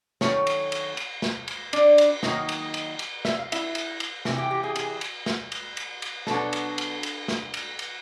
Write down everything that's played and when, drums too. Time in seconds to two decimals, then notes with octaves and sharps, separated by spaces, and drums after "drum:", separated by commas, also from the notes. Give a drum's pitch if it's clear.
0.21 D#3 F#3 A3 C#4 C#5, drum: snare
0.47 drum: cymbal
0.72 drum: cymbal
0.97 drum: cymbal
1.22 drum: snare
1.48 drum: cymbal
1.73 D4 D5, drum: cymbal
1.98 drum: cymbal
2.23 D#3 F#3 A#3 D#4 D#5, drum: snare
2.49 drum: cymbal
2.74 drum: cymbal
2.99 drum: cymbal
3.25 E5, drum: snare
3.39 F5
3.52 E4 E5, drum: cymbal
3.75 drum: cymbal
4.00 drum: cymbal
4.25 C3 E3, drum: snare
4.38 G4 G5
4.51 G4 G5
4.63 G#4 G#5
4.76 G#4 G#5, drum: cymbal
5.01 drum: cymbal
5.26 drum: snare
5.52 drum: cymbal
5.77 drum: cymbal
6.02 drum: cymbal
6.27 B2 F#3 B3 D4 A4 A5, drum: snare
6.53 drum: cymbal
6.78 drum: cymbal
7.03 drum: cymbal
7.28 drum: snare
7.54 drum: cymbal
7.79 drum: cymbal